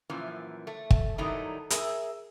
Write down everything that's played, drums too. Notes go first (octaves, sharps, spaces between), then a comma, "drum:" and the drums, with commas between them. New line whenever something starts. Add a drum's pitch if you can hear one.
F#2 A#2 E3 F3
A3
drum: kick
D#3 F#3 G3 A3 D#4 E4
G#4 A#4 E5, drum: hi-hat